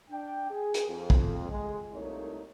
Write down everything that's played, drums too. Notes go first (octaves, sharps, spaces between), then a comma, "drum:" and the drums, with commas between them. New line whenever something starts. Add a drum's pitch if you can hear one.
D4 G5
G#4
drum: hi-hat
F2
drum: kick
G#3
C2 A#2 A3 A#3 D#4 C#5